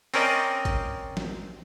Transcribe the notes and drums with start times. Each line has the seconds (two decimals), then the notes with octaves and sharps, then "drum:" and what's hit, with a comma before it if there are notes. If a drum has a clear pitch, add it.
0.14 C4 C#4 A#4 D5 D#5 G5, drum: open hi-hat
0.65 drum: kick G#1, hi-hat
1.17 drum: snare